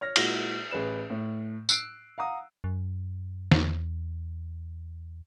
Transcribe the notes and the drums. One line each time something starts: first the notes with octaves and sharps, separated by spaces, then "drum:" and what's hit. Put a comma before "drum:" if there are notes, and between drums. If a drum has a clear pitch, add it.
C#5 F6 A#6
A#2 G#3 E4 F#4 A#6, drum: cymbal
A1 G#4 B4 E7
A2
E6 F#6 C7 D7, drum: tambourine
F5 F#5 A#5 D#6
F#2
E2, drum: snare